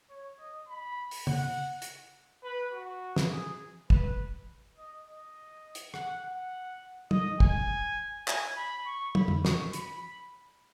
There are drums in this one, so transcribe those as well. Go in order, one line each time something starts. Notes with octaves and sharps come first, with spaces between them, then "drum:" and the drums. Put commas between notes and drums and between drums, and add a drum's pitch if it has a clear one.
C#5
D#5
B5
drum: open hi-hat
F#5, drum: tom
drum: hi-hat
B4
F#4
drum: snare
G#4
B4, drum: kick
D#5
D#5
drum: hi-hat
F#5, drum: rim click
F#5
D#5, drum: tom
G#5, drum: kick
G#5, drum: clap
B5
C#6
B5, drum: tom
drum: tom F2
C#6, drum: snare
B5, drum: hi-hat